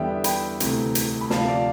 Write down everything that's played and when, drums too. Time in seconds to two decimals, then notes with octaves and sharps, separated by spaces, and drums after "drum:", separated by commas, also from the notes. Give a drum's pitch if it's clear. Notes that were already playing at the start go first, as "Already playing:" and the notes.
Already playing: E2 D3 G3 B3 E5 G5
0.24 G5 B5, drum: hi-hat
0.60 D2 C3 E3 A3 C4, drum: hi-hat
0.95 drum: hi-hat
1.21 B5
1.30 D2 C3 F3 F5 A5, drum: snare
1.48 D5 F5